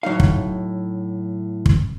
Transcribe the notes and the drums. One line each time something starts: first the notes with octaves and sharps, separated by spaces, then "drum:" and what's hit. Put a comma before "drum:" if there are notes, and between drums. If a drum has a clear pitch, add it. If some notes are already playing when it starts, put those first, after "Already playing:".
A2 F#3 D#4 F5
drum: kick
drum: kick